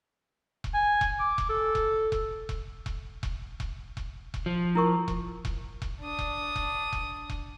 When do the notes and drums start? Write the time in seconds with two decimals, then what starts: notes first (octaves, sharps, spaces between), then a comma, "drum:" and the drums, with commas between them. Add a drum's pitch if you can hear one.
0.64 drum: kick E1
0.74 G#5
1.01 drum: kick E1
1.19 D6
1.38 drum: kick E1
1.49 A4
1.75 drum: kick E1
2.12 drum: kick E1
2.49 drum: kick E1
2.86 drum: kick E1
3.23 drum: kick E1
3.60 drum: kick E1
3.97 drum: kick E1
4.34 drum: kick E1
4.46 F3
4.75 E4 A#4 C#6
5.08 drum: kick E1
5.45 drum: kick E1
5.82 drum: kick E1
6.01 D4 D#6
6.19 drum: kick E1
6.56 drum: kick E1
6.93 drum: kick E1
7.29 drum: kick E1